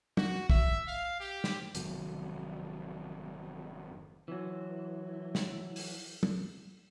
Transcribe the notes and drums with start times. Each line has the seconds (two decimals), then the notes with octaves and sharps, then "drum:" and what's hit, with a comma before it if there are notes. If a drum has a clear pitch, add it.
0.17 F#4, drum: tom
0.50 E5, drum: kick
0.88 F5
1.20 G4
1.44 drum: snare
1.75 F1 G#2 D#3 F#3, drum: hi-hat
4.28 E3 F#3
5.35 drum: snare
5.76 drum: open hi-hat
6.23 drum: tom